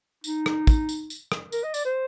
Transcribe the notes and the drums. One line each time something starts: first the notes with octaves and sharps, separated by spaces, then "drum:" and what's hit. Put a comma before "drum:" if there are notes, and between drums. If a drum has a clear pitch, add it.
D#4, drum: tambourine
drum: rim click
drum: kick, tambourine
drum: tambourine
drum: tambourine
drum: rim click
A#4, drum: tambourine
D#5
D5, drum: tambourine
C5